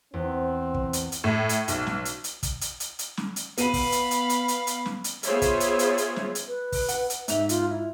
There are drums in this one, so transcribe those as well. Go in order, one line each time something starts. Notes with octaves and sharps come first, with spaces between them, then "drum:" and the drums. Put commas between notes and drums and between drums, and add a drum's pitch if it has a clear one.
E2 C4
drum: kick
drum: hi-hat
drum: hi-hat
A2
drum: hi-hat
B1, drum: hi-hat
drum: snare
drum: hi-hat
drum: hi-hat
drum: kick, hi-hat
drum: hi-hat
drum: hi-hat
drum: hi-hat
drum: snare
drum: hi-hat
B3 F5 B5 D#7, drum: hi-hat
drum: kick, open hi-hat
drum: hi-hat
drum: hi-hat
drum: hi-hat
drum: hi-hat
drum: hi-hat
drum: snare
drum: hi-hat
B3 F4 G#4 C5 C#5 E5, drum: hi-hat
drum: kick, hi-hat
drum: hi-hat
drum: hi-hat
drum: hi-hat
drum: snare
drum: hi-hat
B4
drum: kick, open hi-hat
F#5, drum: hi-hat
drum: hi-hat
G#2 E5 F7, drum: hi-hat
F4, drum: hi-hat
E4